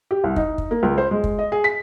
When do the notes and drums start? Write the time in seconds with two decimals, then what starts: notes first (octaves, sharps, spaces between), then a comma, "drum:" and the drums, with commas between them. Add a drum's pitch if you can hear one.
0.11 G4
0.24 C2
0.36 D#4, drum: kick
0.58 drum: kick
0.71 A#3
0.83 C#2
0.98 C5
1.11 G#3
1.24 drum: kick
1.39 D#5
1.52 G#4
1.64 B6